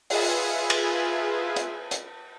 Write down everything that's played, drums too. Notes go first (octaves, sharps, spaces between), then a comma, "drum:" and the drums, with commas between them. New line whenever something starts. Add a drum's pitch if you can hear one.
F4 G#4 B4 E5 G#5, drum: open hi-hat
drum: cymbal
drum: hi-hat
drum: hi-hat